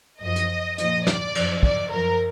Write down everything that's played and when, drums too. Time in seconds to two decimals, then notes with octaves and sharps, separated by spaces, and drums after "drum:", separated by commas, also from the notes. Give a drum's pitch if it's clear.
0.22 F#2 F3 D#5
0.36 drum: hi-hat
0.78 A#2 F3 D#5, drum: hi-hat
1.07 D5, drum: snare
1.35 F#2 F3, drum: cymbal
1.63 D5, drum: kick
1.91 F#2 F3 A#4